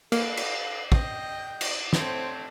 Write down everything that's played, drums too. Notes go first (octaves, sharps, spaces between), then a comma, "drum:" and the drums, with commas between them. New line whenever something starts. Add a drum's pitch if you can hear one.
A#3 A4 B4 F5, drum: cymbal
drum: cymbal
D#5 G5 G6, drum: kick
drum: cymbal
A3 C4 C5 C#5, drum: snare